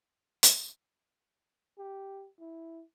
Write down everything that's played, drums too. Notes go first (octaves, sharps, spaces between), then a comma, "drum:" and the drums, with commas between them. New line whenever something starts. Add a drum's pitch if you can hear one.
drum: hi-hat
G4
E4